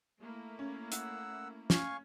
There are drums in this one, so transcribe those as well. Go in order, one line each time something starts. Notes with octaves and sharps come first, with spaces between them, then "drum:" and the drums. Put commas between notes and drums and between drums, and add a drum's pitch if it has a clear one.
A3 A#3 E4
C#4
F#5 E6, drum: hi-hat
C#4 F5 G#5 C#6, drum: snare